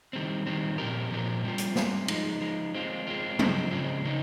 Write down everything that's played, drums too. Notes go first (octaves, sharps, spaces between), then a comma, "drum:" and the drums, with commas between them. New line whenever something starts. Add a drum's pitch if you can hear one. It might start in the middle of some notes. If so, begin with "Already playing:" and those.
D#3 G3 C4
D#3 G3 C4
A#2 F3 C4 G4 A#4
A#2 F3 C4 G4 A#4
G3 C4 F4
drum: hi-hat
G3 C4 F4, drum: snare
F3 G#3 D#4, drum: cymbal
F3 G#3 D#4
G#3 C4 F4
G#3 C4 F4
C#3 F3 G#3 C4, drum: tom F#3
C#3 F3 G#3 C4
C#3 F3 C4 D#4